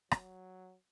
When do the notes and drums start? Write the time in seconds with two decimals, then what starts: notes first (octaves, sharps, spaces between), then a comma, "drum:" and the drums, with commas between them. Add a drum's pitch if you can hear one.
0.11 F#3, drum: rim click